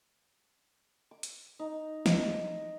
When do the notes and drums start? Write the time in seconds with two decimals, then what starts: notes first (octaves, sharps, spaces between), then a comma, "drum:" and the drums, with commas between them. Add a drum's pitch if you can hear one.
1.11 D6
1.23 drum: hi-hat
1.59 D#4
2.06 D#5, drum: snare